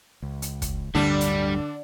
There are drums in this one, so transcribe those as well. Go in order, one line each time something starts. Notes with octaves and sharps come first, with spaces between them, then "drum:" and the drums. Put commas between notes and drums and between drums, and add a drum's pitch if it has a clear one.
C#2
drum: hi-hat
drum: kick, hi-hat
D1 D2 G2 D3 G3 D4
drum: hi-hat